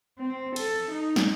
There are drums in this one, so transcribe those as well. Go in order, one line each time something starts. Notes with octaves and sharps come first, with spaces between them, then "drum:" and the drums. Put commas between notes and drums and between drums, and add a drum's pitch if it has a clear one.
C4
A4, drum: cymbal
D#4
drum: snare